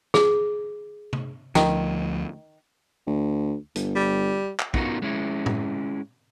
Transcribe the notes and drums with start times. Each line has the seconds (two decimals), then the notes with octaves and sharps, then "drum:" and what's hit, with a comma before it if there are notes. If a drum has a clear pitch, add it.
0.14 G#4, drum: snare
1.13 drum: tom C3
1.55 D2 D#3 F3, drum: snare
3.07 D2
3.76 G1, drum: hi-hat
3.96 G3
4.59 drum: clap
4.74 B3 C#4 D#4 F4 F#4 A#4, drum: kick
5.02 G#3 C#4 E4
5.46 drum: tom A2